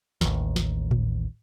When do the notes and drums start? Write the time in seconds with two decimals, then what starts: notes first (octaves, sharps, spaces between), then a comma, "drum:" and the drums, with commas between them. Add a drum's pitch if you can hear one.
0.21 A1 D#2, drum: snare
0.56 drum: snare
0.91 drum: tom A2